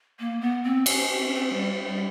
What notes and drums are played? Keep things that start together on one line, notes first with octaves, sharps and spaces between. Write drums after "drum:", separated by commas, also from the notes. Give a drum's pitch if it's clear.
A#3
B3
C4
C#4, drum: cymbal
C4
C#4
C4
G3
G3